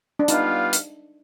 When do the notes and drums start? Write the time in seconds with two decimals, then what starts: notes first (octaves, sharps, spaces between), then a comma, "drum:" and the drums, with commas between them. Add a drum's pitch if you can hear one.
0.19 D4
0.28 G3 B3 D#4 F4 B4 F5, drum: hi-hat
0.73 drum: hi-hat